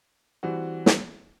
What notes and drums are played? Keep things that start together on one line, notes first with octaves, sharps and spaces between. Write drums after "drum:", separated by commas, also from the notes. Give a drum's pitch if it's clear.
E3 G3 C4 F#4
drum: snare